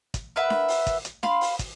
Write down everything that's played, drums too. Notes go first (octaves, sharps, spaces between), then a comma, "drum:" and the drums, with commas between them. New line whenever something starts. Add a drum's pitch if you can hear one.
drum: kick, hi-hat
A#4 B4 E5 F#5
drum: snare D4
drum: open hi-hat
drum: kick, hi-hat
drum: hi-hat
F5 B5 C6, drum: snare D4
drum: open hi-hat
drum: kick, hi-hat